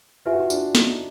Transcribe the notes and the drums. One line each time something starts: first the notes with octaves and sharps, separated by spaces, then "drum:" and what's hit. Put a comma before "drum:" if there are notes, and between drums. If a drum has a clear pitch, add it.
F4 G4 B4 E5 G#5
F#4
F4
D4, drum: tambourine
D#4, drum: snare